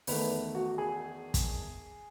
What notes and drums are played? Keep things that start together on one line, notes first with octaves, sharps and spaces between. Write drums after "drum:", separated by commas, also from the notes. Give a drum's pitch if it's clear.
E2 D#3 A3 B4, drum: open hi-hat
F#4
G#4
drum: kick, hi-hat